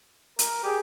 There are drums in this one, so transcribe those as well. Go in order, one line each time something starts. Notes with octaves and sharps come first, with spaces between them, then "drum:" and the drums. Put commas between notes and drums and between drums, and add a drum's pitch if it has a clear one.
A#4, drum: hi-hat
G4 G#4